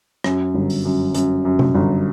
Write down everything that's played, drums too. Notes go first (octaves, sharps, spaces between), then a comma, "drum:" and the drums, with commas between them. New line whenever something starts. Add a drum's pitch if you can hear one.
F#2, drum: rim click
G1
drum: open hi-hat
F#2
F#2, drum: hi-hat
F#2
drum: tom C3
G1